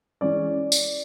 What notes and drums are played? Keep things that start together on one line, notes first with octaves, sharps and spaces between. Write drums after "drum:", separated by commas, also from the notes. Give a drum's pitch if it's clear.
E3 G#3 C#4 D5
drum: tambourine